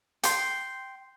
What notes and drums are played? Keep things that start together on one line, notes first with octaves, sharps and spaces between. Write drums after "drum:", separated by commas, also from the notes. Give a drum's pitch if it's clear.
G5 C6, drum: hi-hat